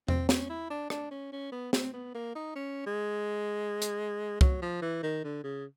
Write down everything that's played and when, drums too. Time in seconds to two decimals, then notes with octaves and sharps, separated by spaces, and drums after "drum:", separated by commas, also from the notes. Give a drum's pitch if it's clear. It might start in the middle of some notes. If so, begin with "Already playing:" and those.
0.08 C4, drum: tom E2
0.29 C#4, drum: snare
0.50 E4
0.70 D4
0.90 D4, drum: rim click
1.11 C#4
1.32 C#4
1.52 B3
1.73 C4, drum: snare
1.93 B3
2.15 A#3
2.35 D#4
2.56 C#4
2.86 G#3
3.82 drum: hi-hat
4.41 F#3, drum: kick C2
4.62 F3
4.82 E3
5.03 D#3
5.24 D3
5.44 C#3